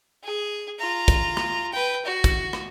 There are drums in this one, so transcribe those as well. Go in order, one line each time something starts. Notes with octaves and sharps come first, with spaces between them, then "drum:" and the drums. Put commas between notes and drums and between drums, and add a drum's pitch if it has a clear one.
G#4
F4 A#5
drum: kick, hi-hat
drum: rim click
B4 G5
F#4
drum: kick, hi-hat
drum: rim click